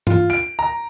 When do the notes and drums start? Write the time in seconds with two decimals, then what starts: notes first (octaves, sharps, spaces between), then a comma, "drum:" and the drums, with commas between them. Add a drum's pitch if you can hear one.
0.07 F4, drum: tom G2
0.30 D7, drum: hi-hat
0.59 A#5